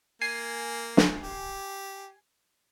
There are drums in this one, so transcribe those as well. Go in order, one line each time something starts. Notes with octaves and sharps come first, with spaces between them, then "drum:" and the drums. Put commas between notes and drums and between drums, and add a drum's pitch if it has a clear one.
A#3 G#5 C7
drum: snare
G4